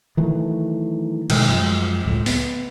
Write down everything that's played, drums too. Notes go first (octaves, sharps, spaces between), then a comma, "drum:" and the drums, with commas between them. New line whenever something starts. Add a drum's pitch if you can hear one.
D#3 E3 F#3 A3
B2 D#3 G#3 A3, drum: cymbal
F#2 F3 F#3 G#3
C#2 A2
B3, drum: open hi-hat